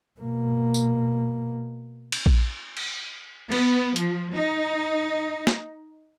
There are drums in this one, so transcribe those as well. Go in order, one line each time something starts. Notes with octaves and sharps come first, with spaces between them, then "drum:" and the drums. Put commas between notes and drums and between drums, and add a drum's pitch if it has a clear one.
B2 A#3
drum: tambourine
drum: cymbal
drum: kick A#1
drum: cymbal
B3, drum: cymbal
F3, drum: hi-hat
D#4
drum: snare